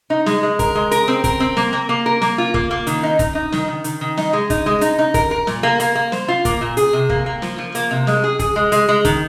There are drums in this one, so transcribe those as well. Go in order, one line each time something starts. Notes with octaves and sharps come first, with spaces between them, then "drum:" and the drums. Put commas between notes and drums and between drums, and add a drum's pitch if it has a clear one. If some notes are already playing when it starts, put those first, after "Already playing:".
D#4
G#3, drum: snare
G#3
A#4, drum: kick, hi-hat
G#3
A#4, drum: hi-hat
C4
A#4, drum: kick, hi-hat
C4
A#3, drum: snare
A#3
A#3
A#4
A#3, drum: snare
F4
A#3, drum: kick
A#3
D#3, drum: hi-hat
D#4
D#4, drum: kick, hi-hat
D#4
D#3, drum: snare
D#3
D#3, drum: hi-hat
D#3
D#4, drum: snare
G#3
D#4, drum: kick, hi-hat
G#3
D#4, drum: hi-hat
D#4
A#4, drum: kick, hi-hat
A#4
A#2, drum: snare
A#3
A#3, drum: hi-hat
A#3
C5, drum: snare
F4
A#3, drum: kick, hi-hat
A#2
G#4, drum: hi-hat
C3
A#3, drum: kick
A#3
F3, drum: snare
F3
A#3, drum: hi-hat
C3
G#3, drum: snare
G#4
G#4, drum: kick, hi-hat
G#3
G#3, drum: hi-hat
G#3
D#3, drum: kick, hi-hat